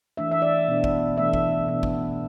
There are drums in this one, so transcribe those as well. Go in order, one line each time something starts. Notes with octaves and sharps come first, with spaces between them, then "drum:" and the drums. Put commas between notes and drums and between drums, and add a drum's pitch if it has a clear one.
E3 A3 D4 E5
E5
D5
B2 B3 D4
drum: kick
E3 A3 D4 E5
drum: kick
B2 B3 D4
drum: kick